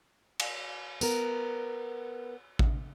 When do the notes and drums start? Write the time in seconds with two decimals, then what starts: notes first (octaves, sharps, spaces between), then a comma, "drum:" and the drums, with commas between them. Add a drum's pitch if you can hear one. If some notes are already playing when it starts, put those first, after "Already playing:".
0.40 drum: cymbal
1.01 B3 A#4, drum: tambourine
2.59 drum: kick A1